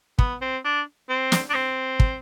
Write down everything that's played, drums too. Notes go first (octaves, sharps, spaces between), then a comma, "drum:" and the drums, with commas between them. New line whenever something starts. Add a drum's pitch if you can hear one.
B3, drum: kick
C4
D4
C4
drum: snare
D4
C4
drum: kick